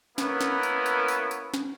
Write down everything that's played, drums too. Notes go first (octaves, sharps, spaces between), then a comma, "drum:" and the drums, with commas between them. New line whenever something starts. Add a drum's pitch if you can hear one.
A#3 B3 C#4 E4 A#4 B4, drum: snare
drum: snare
drum: tambourine
drum: tambourine
drum: tambourine
drum: tambourine
drum: snare